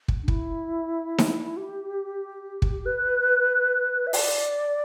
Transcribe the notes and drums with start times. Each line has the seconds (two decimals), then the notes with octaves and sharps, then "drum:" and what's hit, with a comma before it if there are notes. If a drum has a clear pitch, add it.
0.08 drum: kick
0.23 D4
0.28 E4, drum: kick
1.18 drum: snare D#4
1.57 G4
2.62 drum: kick
2.86 B4
4.07 E5
4.13 D5, drum: open hi-hat